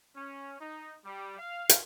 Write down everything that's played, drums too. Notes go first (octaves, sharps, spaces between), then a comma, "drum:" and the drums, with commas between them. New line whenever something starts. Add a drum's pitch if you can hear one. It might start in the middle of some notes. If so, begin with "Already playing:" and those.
C#4
D#4
G3
F5
drum: hi-hat